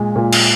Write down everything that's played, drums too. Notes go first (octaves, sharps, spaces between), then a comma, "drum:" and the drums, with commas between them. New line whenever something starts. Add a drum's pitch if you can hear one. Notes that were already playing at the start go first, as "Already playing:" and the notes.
Already playing: A#2 G#3
A#2
drum: cymbal